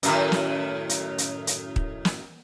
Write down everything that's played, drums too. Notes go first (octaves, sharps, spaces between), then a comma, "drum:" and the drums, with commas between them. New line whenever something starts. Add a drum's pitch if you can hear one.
F#2 A2 D#3, drum: hi-hat
drum: snare
drum: hi-hat
drum: hi-hat
drum: hi-hat
drum: kick
drum: snare